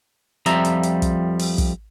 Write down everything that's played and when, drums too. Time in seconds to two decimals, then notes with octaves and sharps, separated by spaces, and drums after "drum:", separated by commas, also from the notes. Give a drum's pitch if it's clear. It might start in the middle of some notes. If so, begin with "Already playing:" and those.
0.46 F2 F3 G3 E5 A#5, drum: hi-hat
0.65 drum: hi-hat
0.83 drum: hi-hat
1.02 drum: kick, hi-hat
1.39 drum: open hi-hat
1.58 drum: kick, hi-hat